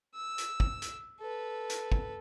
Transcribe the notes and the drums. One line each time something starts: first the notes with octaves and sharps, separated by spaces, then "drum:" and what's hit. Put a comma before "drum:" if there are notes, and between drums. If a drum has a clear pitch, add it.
E6
drum: hi-hat
drum: kick
drum: hi-hat
A4 B4
drum: hi-hat
drum: kick